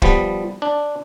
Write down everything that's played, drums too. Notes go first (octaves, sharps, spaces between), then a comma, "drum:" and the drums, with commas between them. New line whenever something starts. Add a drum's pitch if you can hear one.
F3 G3 B3, drum: kick
D4